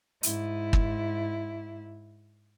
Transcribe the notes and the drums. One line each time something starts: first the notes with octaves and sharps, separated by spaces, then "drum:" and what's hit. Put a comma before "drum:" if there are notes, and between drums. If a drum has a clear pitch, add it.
G#2 E4, drum: hi-hat
drum: kick